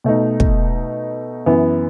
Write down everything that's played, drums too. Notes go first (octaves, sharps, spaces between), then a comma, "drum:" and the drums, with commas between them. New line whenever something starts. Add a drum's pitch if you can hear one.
B2 A3 D#4
drum: kick
F#2 E3 B3